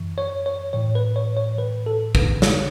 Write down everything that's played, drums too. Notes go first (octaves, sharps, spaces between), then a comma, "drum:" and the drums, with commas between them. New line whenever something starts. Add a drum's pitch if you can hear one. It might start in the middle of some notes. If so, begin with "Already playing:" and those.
Already playing: F#2 E3
C#5
C#5
A2 E3 C#5
B4
C#5
C#5
A2 E3 B4
A4
B4, drum: kick
E3 C#5, drum: snare